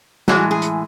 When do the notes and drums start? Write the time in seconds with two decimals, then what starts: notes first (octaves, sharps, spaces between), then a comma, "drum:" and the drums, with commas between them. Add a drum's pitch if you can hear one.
0.28 A2 E3 G#3 F#4, drum: snare
0.51 G#4
0.62 drum: hi-hat